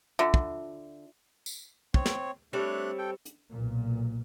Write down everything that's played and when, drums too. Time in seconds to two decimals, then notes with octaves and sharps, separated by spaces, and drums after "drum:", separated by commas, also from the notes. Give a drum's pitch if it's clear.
0.19 D3 F4 E5
0.34 drum: kick
1.46 drum: tambourine
1.94 C4 C#5, drum: kick
2.06 drum: snare
2.53 G3 A3 C4 D4 C#5 F#6
2.98 A4 G5
3.25 drum: hi-hat
3.52 B1 A#2